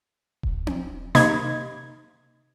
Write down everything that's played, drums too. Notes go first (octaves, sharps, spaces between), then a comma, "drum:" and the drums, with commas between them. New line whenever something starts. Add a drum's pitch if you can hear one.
drum: kick D#1
drum: tom C4
C3 A#3 D#4 D#5 B5 G#6, drum: snare